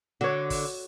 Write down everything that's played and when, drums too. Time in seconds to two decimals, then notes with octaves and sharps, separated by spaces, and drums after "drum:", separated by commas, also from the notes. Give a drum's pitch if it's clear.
0.21 D3 F#4 C#5
0.50 drum: kick, open hi-hat